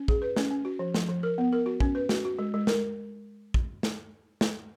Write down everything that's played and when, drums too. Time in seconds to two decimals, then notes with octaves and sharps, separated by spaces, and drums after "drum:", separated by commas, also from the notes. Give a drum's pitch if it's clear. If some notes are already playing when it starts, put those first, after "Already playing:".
Already playing: C#4
0.08 G#4, drum: kick
0.22 B4
0.36 C#4, drum: snare
0.51 C#4
0.65 F#4
0.79 F3
0.94 F3, drum: snare
1.08 F3
1.23 A#4
1.38 B3
1.53 A#4
1.66 F#4
1.80 C#4, drum: kick
1.95 B4
2.09 F#4, drum: snare
2.25 F#4
2.39 G#3
2.54 G#3
2.67 A#4, drum: snare
3.54 drum: kick
3.83 drum: snare
4.41 drum: snare